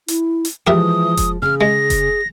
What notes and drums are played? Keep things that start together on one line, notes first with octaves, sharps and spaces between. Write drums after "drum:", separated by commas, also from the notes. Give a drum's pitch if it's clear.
E4, drum: hi-hat
drum: hi-hat
E3 F3 G#3 G4 A#4 E5 D#6
drum: kick F1, hi-hat
C#3 G#4 F6
G#3 A#6
drum: kick F1, hi-hat